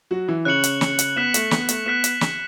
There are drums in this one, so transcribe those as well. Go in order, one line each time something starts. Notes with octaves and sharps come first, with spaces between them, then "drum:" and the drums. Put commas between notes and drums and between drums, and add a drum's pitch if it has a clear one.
F#3 F#4
E3 E4
C#3 C#4 F#6 C#7 F#7
drum: hi-hat
drum: snare
drum: hi-hat
B3 F#6 B6 E7
A3, drum: hi-hat
B3, drum: snare
A3, drum: hi-hat
B3 F#6 B6 E7
drum: hi-hat
drum: snare